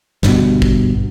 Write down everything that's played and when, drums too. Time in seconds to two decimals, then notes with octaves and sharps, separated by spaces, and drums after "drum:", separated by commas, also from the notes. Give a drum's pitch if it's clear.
0.23 G1 G2 B2, drum: snare
0.62 drum: kick G#1